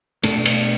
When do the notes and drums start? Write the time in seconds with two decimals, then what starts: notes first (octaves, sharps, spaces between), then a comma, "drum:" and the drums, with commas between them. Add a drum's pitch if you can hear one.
0.23 B2 A3 D4 A4, drum: cymbal
0.46 drum: cymbal